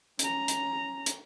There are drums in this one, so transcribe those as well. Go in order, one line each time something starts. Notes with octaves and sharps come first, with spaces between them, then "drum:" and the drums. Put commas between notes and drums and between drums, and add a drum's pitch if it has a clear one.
C#4 A#5, drum: hi-hat
drum: hi-hat
drum: hi-hat